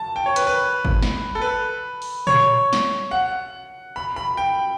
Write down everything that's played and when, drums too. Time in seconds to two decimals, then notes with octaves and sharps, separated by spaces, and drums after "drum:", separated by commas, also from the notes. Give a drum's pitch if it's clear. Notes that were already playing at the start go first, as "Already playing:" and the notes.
Already playing: A5
0.16 G5
0.26 C#5
0.36 B4, drum: hi-hat
0.47 B4
0.85 drum: kick
1.02 drum: snare
1.35 A4
1.42 B4
2.02 drum: open hi-hat
2.27 C#5, drum: tom A#2
2.73 drum: snare
3.11 F#5
3.96 B5
4.16 B5
4.37 G5